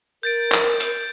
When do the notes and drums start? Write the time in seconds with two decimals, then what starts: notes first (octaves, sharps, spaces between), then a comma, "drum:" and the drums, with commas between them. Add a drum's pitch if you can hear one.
0.23 A#4 G6 A6 D7
0.52 drum: clap
0.80 drum: hi-hat